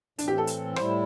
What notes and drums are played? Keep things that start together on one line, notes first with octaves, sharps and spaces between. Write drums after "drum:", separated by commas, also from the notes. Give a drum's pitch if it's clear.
A2 E3 C4 D4, drum: hi-hat
G4
A4
drum: hi-hat
A2 G3 E4 C5, drum: rim click